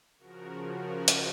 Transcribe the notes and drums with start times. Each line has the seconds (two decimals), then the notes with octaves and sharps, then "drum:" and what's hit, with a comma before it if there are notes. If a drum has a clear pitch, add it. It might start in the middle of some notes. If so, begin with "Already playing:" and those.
0.19 C#3 F3 F#4 A#4
0.72 F#4 A#4
1.08 drum: hi-hat